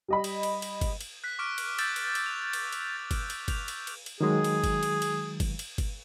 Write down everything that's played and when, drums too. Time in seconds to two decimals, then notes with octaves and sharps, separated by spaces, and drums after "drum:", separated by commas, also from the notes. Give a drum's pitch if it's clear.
0.08 G3 D#5 B5
0.24 drum: cymbal
0.43 drum: cymbal
0.62 drum: cymbal
0.81 drum: kick G1, cymbal
1.01 drum: cymbal
1.24 F#6 B6
1.39 C#6 D6 F6 D7
1.58 drum: cymbal
1.79 D6 E6 G6 A6, drum: cymbal
1.96 drum: cymbal
2.15 drum: cymbal
2.26 F7
2.53 drum: cymbal
2.72 drum: cymbal
2.97 A6
3.11 drum: kick G1, cymbal
3.30 drum: cymbal
3.48 G6 F7, drum: kick G1, cymbal
3.68 drum: cymbal
3.87 drum: cymbal
4.06 drum: cymbal
4.21 D#3 F#3 G#3 G#4
4.44 drum: cymbal
4.64 drum: kick G1, cymbal
4.83 drum: cymbal
5.02 drum: cymbal
5.40 drum: kick G1, cymbal
5.59 drum: cymbal
5.78 drum: kick G1, cymbal